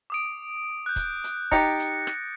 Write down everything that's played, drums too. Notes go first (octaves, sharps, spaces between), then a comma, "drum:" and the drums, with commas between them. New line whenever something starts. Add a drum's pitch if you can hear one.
D6 D#6 D7
F#6 G6
drum: kick, hi-hat
drum: hi-hat
D#4 G4 A6 A#6 C#7, drum: kick, hi-hat
drum: hi-hat
drum: rim click